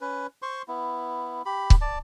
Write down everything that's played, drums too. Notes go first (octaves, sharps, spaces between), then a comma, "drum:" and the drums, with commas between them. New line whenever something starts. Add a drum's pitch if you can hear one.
C#4 B4
C5 C6 C#6
B3 E4
G4 B5
drum: kick C#1
D5 A5